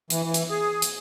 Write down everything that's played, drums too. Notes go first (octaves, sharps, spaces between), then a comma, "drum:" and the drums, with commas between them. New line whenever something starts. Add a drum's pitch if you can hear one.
E3, drum: hi-hat
E3
drum: hi-hat
G#4
drum: hi-hat